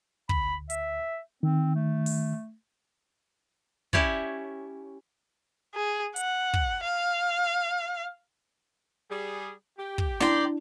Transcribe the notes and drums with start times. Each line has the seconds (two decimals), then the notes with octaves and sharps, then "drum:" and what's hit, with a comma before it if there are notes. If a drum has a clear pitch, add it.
0.29 D2 B5, drum: kick
0.70 E5, drum: hi-hat
1.43 D#3 C4
1.75 A3
2.06 drum: open hi-hat
3.93 C#4 E4 G4 C#5 D5, drum: kick
5.75 G#4
6.16 F#5, drum: hi-hat
6.54 drum: kick
6.83 F5
9.10 G3 G#4
9.78 G4
9.98 drum: kick
10.20 D#3 D4 E4 D5 G5 A#5 C6, drum: snare